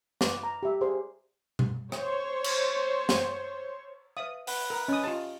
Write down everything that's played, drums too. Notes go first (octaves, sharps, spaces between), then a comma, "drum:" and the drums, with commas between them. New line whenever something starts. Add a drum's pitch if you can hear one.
B4 D6, drum: snare
A#5
G4 E5
G4 G#4 C5 D5 C6
drum: tom B2
C5 C#5, drum: rim click
drum: cymbal
drum: snare
B4 E5 F5 D#6
B4 F#5, drum: open hi-hat
A#4
C#4 D#5 D#6
F4 G4 D#5 A5